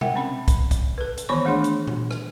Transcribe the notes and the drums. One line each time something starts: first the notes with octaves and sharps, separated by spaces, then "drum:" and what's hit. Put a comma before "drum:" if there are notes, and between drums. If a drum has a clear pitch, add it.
A#4 E5 F#5 G5, drum: tom B2
C4 C#4 B5
drum: kick B1, hi-hat
drum: kick B1, hi-hat
A4 B4
drum: hi-hat
D#3 E3 B3 C#5 B5 C#6
G#3 A3 D4 G#4 C6
drum: hi-hat
drum: tom A#2
drum: rim click